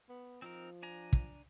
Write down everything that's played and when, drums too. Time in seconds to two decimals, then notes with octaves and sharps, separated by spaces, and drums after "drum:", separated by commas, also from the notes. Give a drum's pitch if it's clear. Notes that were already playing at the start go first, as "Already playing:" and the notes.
0.09 B3
0.42 F3 C4 D#4 A#4
0.83 D4 G#5 A#5
1.13 drum: kick